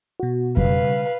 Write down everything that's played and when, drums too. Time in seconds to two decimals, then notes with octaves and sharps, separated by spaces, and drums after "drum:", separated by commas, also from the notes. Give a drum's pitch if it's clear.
0.20 B2 F#4
0.57 C#3 G3 B4 F5, drum: kick F2